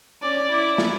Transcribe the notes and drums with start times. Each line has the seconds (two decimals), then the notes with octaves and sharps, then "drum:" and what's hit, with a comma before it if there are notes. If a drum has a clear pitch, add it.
0.23 C#4 D5
0.50 E4
0.78 drum: snare